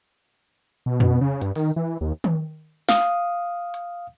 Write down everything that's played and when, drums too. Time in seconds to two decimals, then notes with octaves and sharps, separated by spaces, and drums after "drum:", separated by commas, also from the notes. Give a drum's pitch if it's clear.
0.86 B2
1.00 B2, drum: tom F2
1.21 C#3
1.42 G2, drum: hi-hat
1.56 D#3, drum: open hi-hat
1.76 E3
2.01 D#2
2.24 drum: tom D#3
2.89 F5 D#6, drum: snare
3.74 drum: hi-hat